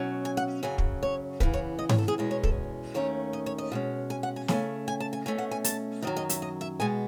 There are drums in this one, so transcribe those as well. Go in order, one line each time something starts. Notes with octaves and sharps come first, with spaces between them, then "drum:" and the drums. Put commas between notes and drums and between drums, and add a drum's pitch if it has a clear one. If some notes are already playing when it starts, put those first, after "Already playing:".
Already playing: B2 F#3 C#4
G#5
F#5
F#2 C#3 F#3 G#5
drum: kick
C#5
C#3 E3 B3 B4, drum: kick
C#5
D#5
C#5, drum: tom G#2
A4
G#4
E2 B2 G#3 C#4
C#5
A4, drum: kick
D#2 D#3 A3 C#4 C#5
D#5
C#5
D#5
B2 G#3 C#4
G#5
F#5
G#5
C#3 F#3 A3 C#4 G#5, drum: snare
G#5
A5
G#5
B2 A3 C#4 G#5
F#5
G#5
A5, drum: hi-hat
F#2 D#3 F#3 D#5
D#5
E5, drum: hi-hat
D#5
E5
B2 G#3 B3 G#5